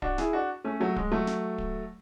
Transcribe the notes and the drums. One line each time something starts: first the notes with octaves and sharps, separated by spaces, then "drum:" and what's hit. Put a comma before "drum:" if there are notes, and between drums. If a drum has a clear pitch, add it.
D4 F#4, drum: kick D1
E4 G#4, drum: snare
D4 F#4
A3 C#4
F#3 A3
G#3, drum: kick D1
F#3 A3
drum: snare
drum: kick D1